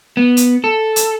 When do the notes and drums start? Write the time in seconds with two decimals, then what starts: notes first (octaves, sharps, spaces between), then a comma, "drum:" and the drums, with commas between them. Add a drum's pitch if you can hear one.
0.17 B3
0.37 drum: hi-hat
0.64 A4
0.96 drum: hi-hat